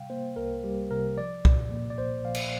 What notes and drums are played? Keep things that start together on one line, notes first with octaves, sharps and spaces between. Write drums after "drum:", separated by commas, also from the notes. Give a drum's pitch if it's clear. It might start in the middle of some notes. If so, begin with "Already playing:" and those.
Already playing: C3 G3 F5 G5
A#3 C5
C2 A#4
G3 G4
C3 A#4
F3 D5
A#2, drum: kick C2
A#3
D5
A#1 C5
F3 F5
drum: cymbal